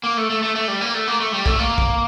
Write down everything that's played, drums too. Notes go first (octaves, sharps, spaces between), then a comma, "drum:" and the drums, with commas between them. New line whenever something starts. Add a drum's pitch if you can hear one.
A#3
A3
A3
A3
A3
G3
A#3
A3
A#3
A3
G3
A3, drum: kick
A#3
drum: kick